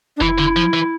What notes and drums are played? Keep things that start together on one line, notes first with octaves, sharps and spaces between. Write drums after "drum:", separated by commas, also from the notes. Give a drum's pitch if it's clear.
D4
E3 E4, drum: kick F1
D3
F3
E3